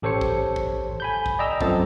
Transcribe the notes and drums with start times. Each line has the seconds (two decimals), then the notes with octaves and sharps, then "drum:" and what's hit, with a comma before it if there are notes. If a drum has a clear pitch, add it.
0.02 A1 G4 A4 C5 C#5 C#7
0.21 drum: kick
0.56 drum: kick
1.00 G#5 B5 G6
1.26 drum: kick
1.39 D5 D#5 G5 A#5 E6
1.61 F#2 F3 A3 C4 A4 A6, drum: kick